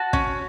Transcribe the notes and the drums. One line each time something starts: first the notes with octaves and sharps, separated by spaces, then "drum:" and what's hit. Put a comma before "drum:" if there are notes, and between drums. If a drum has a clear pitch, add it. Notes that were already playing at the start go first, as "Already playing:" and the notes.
Already playing: F#4 A5
C#4, drum: kick